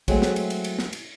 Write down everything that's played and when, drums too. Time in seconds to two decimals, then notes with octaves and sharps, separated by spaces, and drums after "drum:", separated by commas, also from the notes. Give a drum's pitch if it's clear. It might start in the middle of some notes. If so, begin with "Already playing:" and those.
0.08 F#3 G#3 A3 C4 F#4, drum: kick, cymbal
0.22 drum: snare
0.36 drum: cymbal
0.50 drum: cymbal
0.64 drum: cymbal
0.79 drum: snare
0.93 drum: cymbal